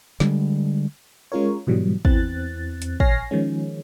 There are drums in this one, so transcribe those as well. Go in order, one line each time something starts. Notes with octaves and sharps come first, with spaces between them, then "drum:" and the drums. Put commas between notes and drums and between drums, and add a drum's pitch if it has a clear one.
D3 G3 G#3, drum: snare
G#3 C#4 F4 A#4 C#5
G#2 B2 E3 F#3 G3
E2 E3 C4 F#6 A6, drum: kick
drum: hi-hat
A#1 C#5 G#5 F6 A#6 C7, drum: kick
D#3 F3 G#3 C#4